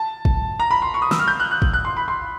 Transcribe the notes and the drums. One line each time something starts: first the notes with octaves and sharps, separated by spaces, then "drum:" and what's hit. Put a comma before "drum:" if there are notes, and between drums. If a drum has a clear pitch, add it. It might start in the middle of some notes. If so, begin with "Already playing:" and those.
Already playing: A5
drum: kick
A#5
B5
C6
C#6
D#6
E6, drum: snare
F6
G6
F#6
F#6
drum: kick
F#6
C6
B5
C6